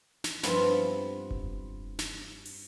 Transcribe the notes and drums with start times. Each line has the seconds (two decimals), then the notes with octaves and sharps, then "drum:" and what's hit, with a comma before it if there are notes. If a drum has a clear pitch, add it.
0.24 drum: snare
0.43 G2 F3 B3 C4 E4, drum: snare
1.31 drum: kick F1
1.99 drum: snare
2.45 drum: open hi-hat